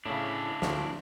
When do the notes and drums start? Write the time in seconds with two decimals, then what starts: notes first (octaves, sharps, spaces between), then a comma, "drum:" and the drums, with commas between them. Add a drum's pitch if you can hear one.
0.06 A2 C#3 D4 E4
0.62 D2 F3 C#5, drum: snare